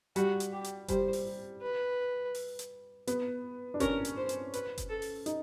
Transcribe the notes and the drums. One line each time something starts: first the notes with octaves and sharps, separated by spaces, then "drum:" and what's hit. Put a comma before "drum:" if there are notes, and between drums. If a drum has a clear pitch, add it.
G3 F#4, drum: hi-hat
drum: hi-hat
G4
drum: hi-hat
G3 C5, drum: kick F#1, hi-hat
drum: open hi-hat
B4
drum: open hi-hat
drum: hi-hat
B3, drum: hi-hat
D4
C#4 A#4, drum: kick F#1, hi-hat
drum: hi-hat
C5
drum: hi-hat
B4, drum: hi-hat
drum: kick F#1, hi-hat
A4
drum: open hi-hat
D#4, drum: hi-hat